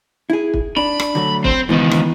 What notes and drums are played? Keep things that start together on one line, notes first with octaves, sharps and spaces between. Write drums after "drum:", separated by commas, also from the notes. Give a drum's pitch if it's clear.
E4 G#4
drum: kick
D4 B5
drum: rim click
D3 F#3 A3
C4, drum: kick
C#2 D#3 E3 B3
drum: rim click